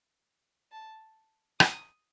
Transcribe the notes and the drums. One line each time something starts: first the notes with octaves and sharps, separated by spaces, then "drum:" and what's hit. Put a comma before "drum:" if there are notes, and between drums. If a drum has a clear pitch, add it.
A5
D#6, drum: rim click